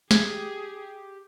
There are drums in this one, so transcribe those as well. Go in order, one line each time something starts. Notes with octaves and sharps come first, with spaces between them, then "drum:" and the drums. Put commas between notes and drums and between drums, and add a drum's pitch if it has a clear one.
G4 G#4 G#6, drum: snare